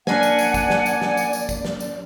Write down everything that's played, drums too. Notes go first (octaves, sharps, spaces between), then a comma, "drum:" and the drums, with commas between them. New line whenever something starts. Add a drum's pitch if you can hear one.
A#3 D4 D5 F#5 G#5, drum: snare
drum: tambourine
drum: tambourine
drum: kick, tambourine
drum: snare
drum: tambourine
drum: snare
drum: tambourine
drum: tambourine
drum: kick, tambourine
drum: snare
drum: tambourine